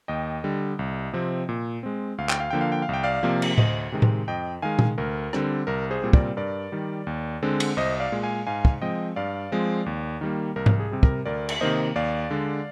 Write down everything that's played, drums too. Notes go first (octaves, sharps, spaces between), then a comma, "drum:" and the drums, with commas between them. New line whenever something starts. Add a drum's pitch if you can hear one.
D#2 D#5 G5
D3 G3
C2
C3 F3 C4
A#2
G#3 C4
D2 F5
G5, drum: clap
F5
D3 F3 A#3 G5
F5
G5
F5
C2 G5
D5 F5
C3 F3 A#3
drum: cymbal
D2 C5 D#5, drum: tom A2
C3 D#3 G#3 C4
drum: tom A2
F2 D#5 G5
D#3 G#3 F5 G#5
drum: tom
D2 A#4
D3 G3 C4, drum: rim click
C2 A#4
G#4 C5
A#2 G3 C4
A#4 D5, drum: kick
G2 A#4 D5
D#3 G3
D#2
D3 G#3 C4
drum: cymbal
C2 C5 D#5
D5 F5
A#2 G#3
F5 G#5
G#2 F5 G#5
drum: kick
F3 G#3 C4 D#5 G5
G2 D5 F5
F3 G#3 C4
D#2
D#3 G3 A#3
C2 A#4
drum: tom G#2
G#4
C3 G3
A#4, drum: kick
D2 A#4 D5
drum: cymbal
C3 D#3 A#3 C5 D#5
D#2 D5 F5
D3 G#3